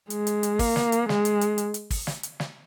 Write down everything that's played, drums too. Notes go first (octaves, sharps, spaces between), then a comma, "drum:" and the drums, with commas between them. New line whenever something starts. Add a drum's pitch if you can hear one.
G#3, drum: hi-hat
drum: hi-hat
drum: hi-hat
A#3, drum: kick, open hi-hat
drum: snare
drum: hi-hat
G#3, drum: snare
drum: hi-hat
drum: hi-hat
drum: hi-hat
drum: hi-hat
drum: kick, open hi-hat
drum: snare
drum: hi-hat
drum: snare